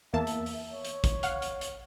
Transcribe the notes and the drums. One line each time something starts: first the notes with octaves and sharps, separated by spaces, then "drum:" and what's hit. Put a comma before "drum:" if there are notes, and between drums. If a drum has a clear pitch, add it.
E2 A#3 E5 A5
drum: hi-hat
drum: open hi-hat
C#5
drum: hi-hat
drum: kick, hi-hat
F5 F#5 F6, drum: hi-hat
drum: hi-hat
drum: hi-hat